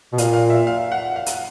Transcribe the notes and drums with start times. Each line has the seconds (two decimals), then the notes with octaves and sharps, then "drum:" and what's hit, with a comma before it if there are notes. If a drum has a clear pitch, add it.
0.13 B2
0.18 A#2 F5, drum: hi-hat
0.34 F5
0.50 E5
0.67 F5
0.92 F#5
1.16 F5
1.26 drum: hi-hat